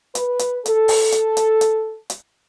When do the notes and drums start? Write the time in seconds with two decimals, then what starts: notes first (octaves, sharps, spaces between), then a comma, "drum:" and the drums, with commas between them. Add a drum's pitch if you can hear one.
0.15 B4, drum: hi-hat
0.39 drum: hi-hat
0.66 A4, drum: hi-hat
0.88 drum: open hi-hat
1.12 drum: hi-hat
1.37 drum: hi-hat
1.61 drum: hi-hat
2.10 drum: hi-hat